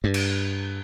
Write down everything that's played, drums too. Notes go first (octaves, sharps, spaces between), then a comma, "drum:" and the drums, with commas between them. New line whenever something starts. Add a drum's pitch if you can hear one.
G2
drum: cymbal